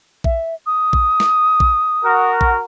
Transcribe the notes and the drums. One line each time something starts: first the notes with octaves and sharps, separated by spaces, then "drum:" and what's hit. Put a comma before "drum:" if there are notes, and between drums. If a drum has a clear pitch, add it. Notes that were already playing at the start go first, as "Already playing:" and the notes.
E5, drum: kick A#1
D#6
drum: kick A#1
drum: snare
drum: kick A#1
F#4 A#4
drum: kick A#1